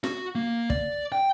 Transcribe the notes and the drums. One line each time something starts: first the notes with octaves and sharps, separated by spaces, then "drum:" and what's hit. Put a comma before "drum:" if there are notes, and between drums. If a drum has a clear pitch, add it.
F#4, drum: snare
A#3
D5, drum: kick
G5